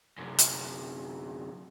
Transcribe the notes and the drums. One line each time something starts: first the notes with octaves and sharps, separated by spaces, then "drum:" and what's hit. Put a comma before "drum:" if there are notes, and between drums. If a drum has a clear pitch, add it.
F#2 C3
drum: hi-hat